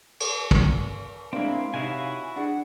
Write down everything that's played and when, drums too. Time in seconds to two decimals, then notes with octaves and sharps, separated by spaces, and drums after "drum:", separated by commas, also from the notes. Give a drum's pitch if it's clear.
0.20 drum: cymbal
0.51 drum: kick
1.33 G#3 A#3 C4 D4 E4 F5
1.74 C3 D#4 E4 F#4 C#5 G#5
2.36 D4 G#4 F#5